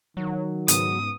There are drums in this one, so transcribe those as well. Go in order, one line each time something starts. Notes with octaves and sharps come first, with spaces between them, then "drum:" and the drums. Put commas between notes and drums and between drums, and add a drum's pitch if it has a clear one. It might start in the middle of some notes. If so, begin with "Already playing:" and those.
D#3 F#3
G#2 C#3 B3 D#6, drum: hi-hat